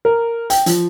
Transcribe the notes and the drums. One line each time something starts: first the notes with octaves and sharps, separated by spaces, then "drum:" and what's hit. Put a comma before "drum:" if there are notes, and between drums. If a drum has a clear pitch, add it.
A#4
G5, drum: hi-hat
F3, drum: hi-hat